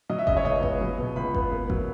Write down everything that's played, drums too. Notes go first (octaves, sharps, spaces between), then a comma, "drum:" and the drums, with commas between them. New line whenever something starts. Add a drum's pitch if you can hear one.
F#3 D#5
E5
C#3 D#5, drum: kick G1
C#5
C#2 D#5
B3, drum: kick G1
F#3
B2
C#2 B5
B3, drum: kick G1
A#3
F#3, drum: kick G1